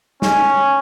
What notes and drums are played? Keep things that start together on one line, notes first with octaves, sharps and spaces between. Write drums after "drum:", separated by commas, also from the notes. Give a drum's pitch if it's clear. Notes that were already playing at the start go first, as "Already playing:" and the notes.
C#4, drum: snare